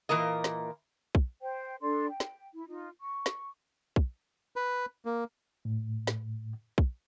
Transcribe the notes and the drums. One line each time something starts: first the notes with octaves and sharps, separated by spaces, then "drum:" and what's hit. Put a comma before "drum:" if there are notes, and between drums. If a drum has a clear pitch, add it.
A#2 E3 A#3 A#4 D#5
drum: snare
drum: kick
C5 G5
D4 A4 D5 C6
G5
drum: snare
E4
D#4 F4
C#6
drum: snare
drum: kick
B4
A#3
A2
drum: snare
drum: kick